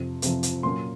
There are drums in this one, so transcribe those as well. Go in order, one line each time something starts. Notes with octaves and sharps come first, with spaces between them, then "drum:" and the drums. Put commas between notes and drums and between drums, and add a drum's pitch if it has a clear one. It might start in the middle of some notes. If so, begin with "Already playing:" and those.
Already playing: F2 C3 F3
F2 C3 F3, drum: hi-hat
drum: hi-hat
A#2 F#3 A#3 C#4 C6